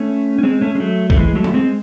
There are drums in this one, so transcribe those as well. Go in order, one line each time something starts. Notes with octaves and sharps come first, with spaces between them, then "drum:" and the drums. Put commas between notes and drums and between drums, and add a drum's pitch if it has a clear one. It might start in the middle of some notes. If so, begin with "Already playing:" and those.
Already playing: A3 C#4
C#4
G#3 C4
A3 C#4
G#3
F#3 A3
A3, drum: kick
E3 G#3
F#3 A3
drum: tom G#3
G#3 C4